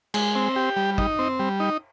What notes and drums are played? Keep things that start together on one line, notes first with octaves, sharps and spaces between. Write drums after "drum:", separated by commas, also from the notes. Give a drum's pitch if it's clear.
G#3, drum: cymbal
C4
G4
G3
D#4, drum: kick
C4
G3
D#4